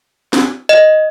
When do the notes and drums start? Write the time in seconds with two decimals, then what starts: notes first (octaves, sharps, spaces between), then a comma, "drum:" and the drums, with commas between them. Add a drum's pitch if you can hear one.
0.33 drum: snare
0.69 D#5